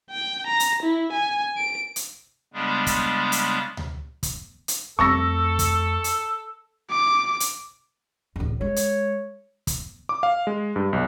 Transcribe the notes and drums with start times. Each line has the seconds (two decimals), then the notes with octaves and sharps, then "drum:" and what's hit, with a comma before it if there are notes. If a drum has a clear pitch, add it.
0.10 G5
0.46 A#5
0.60 drum: hi-hat
0.82 E4
1.12 G#5
1.57 D7
1.96 drum: hi-hat
2.54 C#3 G3 G#3 B3 D4
2.87 drum: kick, hi-hat
3.32 drum: hi-hat
3.77 drum: tom D2
4.23 drum: kick, hi-hat
4.68 drum: hi-hat
4.99 F2 A3 A4 C#6 E6 A#6
5.59 drum: kick, hi-hat
6.04 drum: hi-hat
6.91 D6
7.40 drum: hi-hat
8.36 D1 E2
8.61 G#3 C#5
8.76 drum: hi-hat
9.67 drum: kick, hi-hat
10.09 D6
10.23 F5
10.47 G#3
10.76 G2
10.93 B1